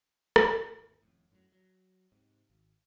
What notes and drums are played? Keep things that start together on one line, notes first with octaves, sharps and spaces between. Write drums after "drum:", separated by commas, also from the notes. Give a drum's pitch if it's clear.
drum: rim click
G#1 E2 C3 E3
D#1 F2 A2
F#2 A2 C#3 F#3
F#3
G#2 C3
G#1